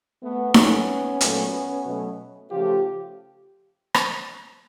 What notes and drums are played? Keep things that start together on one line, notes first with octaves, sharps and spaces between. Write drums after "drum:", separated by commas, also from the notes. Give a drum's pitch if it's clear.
A3 B3
A2 F#3 A3 B3 C#4, drum: snare D#4
A#2 F#3 A3, drum: hi-hat
B2 F#3 A3
C#3 F3 A3 F4 G4
drum: rim click